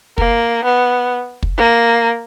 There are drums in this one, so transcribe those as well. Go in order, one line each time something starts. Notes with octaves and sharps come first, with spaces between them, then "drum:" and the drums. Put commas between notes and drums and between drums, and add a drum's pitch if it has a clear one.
A#3, drum: kick
B3
drum: kick
A#3